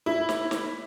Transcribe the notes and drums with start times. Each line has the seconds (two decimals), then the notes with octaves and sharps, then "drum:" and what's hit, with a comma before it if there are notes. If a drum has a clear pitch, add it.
0.06 E4
0.29 drum: snare
0.51 drum: snare